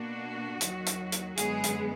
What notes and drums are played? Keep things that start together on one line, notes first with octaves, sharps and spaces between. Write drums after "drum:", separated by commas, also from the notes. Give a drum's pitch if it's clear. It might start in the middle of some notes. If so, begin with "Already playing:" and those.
Already playing: B2 A#3 D4 F#4
D#2 D#3 F#3, drum: hi-hat
drum: hi-hat
drum: hi-hat
F#2 D3 G#3 B3 G#4, drum: hi-hat
drum: hi-hat